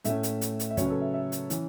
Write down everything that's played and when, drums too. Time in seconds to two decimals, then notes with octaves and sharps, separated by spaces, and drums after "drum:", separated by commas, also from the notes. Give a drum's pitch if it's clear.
0.05 A2 A3 C#4 E5, drum: hi-hat
0.23 drum: hi-hat
0.41 drum: hi-hat
0.59 drum: hi-hat
0.70 E5
0.77 C#3 F#3 C#4 C#5, drum: kick, hi-hat
0.85 B4
0.90 A4
1.01 E5
1.14 E5
1.32 drum: hi-hat
1.50 E3 C#4, drum: hi-hat